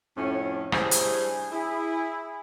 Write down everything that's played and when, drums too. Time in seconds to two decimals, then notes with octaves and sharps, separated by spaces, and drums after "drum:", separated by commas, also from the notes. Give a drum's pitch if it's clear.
0.17 F2 A2 C#4
0.72 G3 D4 E4 G#4 C5 C#5, drum: rim click
0.91 drum: hi-hat
1.52 E4 G#4